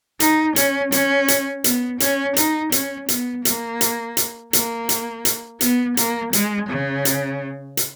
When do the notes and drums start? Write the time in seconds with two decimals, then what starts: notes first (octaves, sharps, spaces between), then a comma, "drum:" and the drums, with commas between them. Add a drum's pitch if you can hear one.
0.20 D#4, drum: hi-hat
0.56 C#4, drum: hi-hat
0.92 C#4, drum: hi-hat
1.28 drum: hi-hat
1.64 B3, drum: hi-hat
2.00 C#4, drum: hi-hat
2.36 D#4, drum: hi-hat
2.72 C#4, drum: hi-hat
3.08 B3, drum: hi-hat
3.45 A#3, drum: hi-hat
3.81 drum: hi-hat
4.17 drum: hi-hat
4.53 A#3, drum: hi-hat
4.89 drum: hi-hat
5.25 drum: hi-hat
5.61 B3, drum: hi-hat
5.97 A#3, drum: hi-hat
6.33 G#3, drum: hi-hat
6.69 C#3
7.05 drum: hi-hat
7.77 drum: hi-hat